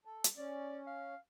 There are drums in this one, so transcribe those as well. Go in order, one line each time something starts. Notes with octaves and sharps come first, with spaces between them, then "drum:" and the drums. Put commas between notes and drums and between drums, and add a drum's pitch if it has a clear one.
A4
drum: hi-hat
C#4 D5
F5